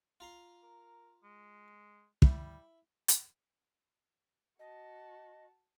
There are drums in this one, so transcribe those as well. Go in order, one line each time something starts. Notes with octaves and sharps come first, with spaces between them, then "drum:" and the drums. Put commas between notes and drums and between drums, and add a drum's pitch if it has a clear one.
F4 A#5 C6
A#4
G#3
G3 E4, drum: kick
drum: hi-hat
F#4 D#5 A5